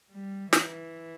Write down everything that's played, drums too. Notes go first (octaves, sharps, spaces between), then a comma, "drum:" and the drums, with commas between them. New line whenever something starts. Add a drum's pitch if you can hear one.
G3
E3, drum: snare